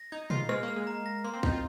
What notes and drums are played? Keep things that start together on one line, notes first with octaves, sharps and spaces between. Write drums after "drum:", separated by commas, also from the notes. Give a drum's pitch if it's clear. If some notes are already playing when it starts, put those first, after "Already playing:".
Already playing: A#6
D#4 G#6
F4 C7, drum: tom
G#3 F6, drum: rim click
A#3
F6
G#3
A#5
A#6
A#3 C6
C4
D#4 G6, drum: kick
F4